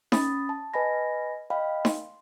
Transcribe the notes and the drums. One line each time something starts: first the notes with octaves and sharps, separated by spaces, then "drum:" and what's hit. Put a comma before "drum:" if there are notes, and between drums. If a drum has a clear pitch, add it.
C#4 B5 D#6 A6, drum: snare D#4
A5
B4 D#5 G#5 B5 A#6
D#5 F5 G5 B5
C6, drum: snare D#4